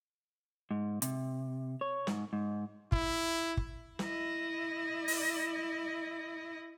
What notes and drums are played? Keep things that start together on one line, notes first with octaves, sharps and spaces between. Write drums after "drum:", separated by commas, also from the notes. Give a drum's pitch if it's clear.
G#2
C3, drum: hi-hat
C#5
G#2, drum: snare
G#2
E4, drum: kick
drum: kick
E4 D#5, drum: snare
drum: open hi-hat